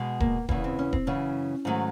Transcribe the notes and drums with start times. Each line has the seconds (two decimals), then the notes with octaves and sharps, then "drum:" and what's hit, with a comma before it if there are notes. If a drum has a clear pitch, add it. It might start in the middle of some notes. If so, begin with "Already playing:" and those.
Already playing: B2 G#3
0.20 A#3, drum: kick D#1
0.49 E2 C#3 E3 A#3, drum: kick D#1
0.64 C4
0.79 C#4
0.93 C4, drum: kick D#1
1.07 F#2 C#3 E3 C#4
1.65 G#2 D#3 F#3 A3